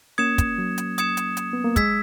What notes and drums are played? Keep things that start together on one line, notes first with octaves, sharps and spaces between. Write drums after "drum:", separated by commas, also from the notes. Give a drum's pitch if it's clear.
A#3 C#4 D#6 G#6 C#7 E7
drum: kick, hi-hat
F#3
drum: hi-hat
D#6 G#6 C#7 E7, drum: hi-hat
drum: hi-hat
drum: hi-hat
B3
A#3
G#3 E6 G#6 B6, drum: kick, hi-hat